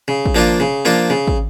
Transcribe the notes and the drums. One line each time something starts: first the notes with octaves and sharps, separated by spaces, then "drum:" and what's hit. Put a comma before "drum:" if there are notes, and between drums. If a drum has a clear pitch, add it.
C#3
drum: kick
F3 A#3 D4 F4
C#3
F3 A#3 D4 F4
C#3
drum: kick